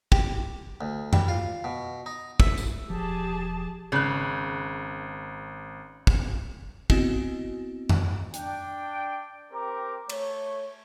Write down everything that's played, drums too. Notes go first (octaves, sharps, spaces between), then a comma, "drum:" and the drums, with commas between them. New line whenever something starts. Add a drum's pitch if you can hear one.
G4, drum: kick
D2
G3, drum: tom F2
F4
B2
D#4
E5, drum: kick
drum: tambourine
E1 F3 G4 G#4 A5
G#1 C#3 F#6
drum: kick
B3 C4 E4 F#4 D#5 G#5, drum: kick
drum: tom F2
D4 G5, drum: hi-hat
C4 G4 A#4 A#5 D6
A3 C#5, drum: cymbal